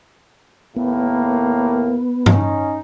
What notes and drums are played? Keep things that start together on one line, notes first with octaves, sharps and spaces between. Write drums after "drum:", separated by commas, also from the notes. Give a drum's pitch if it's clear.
D#2 A2 A#3 B3
C#4 D#4, drum: tom G2